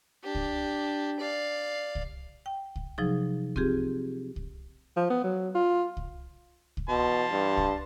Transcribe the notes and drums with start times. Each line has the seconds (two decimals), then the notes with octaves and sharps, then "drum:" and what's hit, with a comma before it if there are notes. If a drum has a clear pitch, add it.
0.23 D4 G4
0.35 drum: kick C2
1.20 D5 F5
1.95 drum: kick C2
2.46 G5
2.76 drum: kick C2
2.98 C3 F3 F#3 D#4 G#4
3.56 C4 F4 G4 G#4, drum: kick C2
4.36 drum: kick C2
4.97 F3
5.10 B3
5.24 F#3
5.55 F4
5.97 drum: kick C2
6.77 drum: kick C2
6.89 B2 A5 C6
7.32 G2
7.57 drum: kick C2